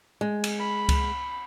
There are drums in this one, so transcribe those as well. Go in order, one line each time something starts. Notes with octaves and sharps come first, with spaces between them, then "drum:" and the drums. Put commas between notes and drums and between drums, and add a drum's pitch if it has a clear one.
G#3
drum: cymbal
B5
drum: kick C#2, cymbal